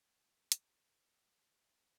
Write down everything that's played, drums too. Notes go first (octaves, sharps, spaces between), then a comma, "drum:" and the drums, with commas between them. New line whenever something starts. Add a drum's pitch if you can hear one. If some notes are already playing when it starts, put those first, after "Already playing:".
C3 E3 G3 F5
C3 E3 G3 F5, drum: hi-hat
C3 E3 G3
A#5
G#5
C3 E3 G3 G5
C3 F3 G#3 G#5
C3 F3 G#3 F5